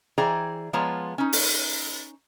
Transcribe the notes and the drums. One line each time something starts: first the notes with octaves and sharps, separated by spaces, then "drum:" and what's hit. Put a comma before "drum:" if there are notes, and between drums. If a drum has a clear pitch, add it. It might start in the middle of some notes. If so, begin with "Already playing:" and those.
E3 G#4 C5 D5 G5 A#5
F3 G#3 B3 F4 C#5 A#5
C#4 D#4
drum: open hi-hat